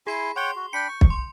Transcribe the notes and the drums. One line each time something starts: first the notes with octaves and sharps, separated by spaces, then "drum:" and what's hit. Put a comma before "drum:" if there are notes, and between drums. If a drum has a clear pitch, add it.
E4 G#4 G#5 B5 C6 C7
C#5 F#5 G5 C6 G7
F#4
D4 G5 B5 G6 C#7
C#6
drum: kick
C6